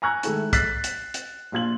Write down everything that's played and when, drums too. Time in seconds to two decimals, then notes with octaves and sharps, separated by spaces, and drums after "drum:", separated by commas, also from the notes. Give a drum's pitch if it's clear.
0.02 G#5 A#5 C#6 F#6 G#6
0.23 D#3 G#3 A3 E4, drum: hi-hat
0.53 F#6 A6 B6 C7, drum: kick, hi-hat
0.84 drum: hi-hat
1.14 drum: hi-hat
1.52 A#1 F4 G#6 F#7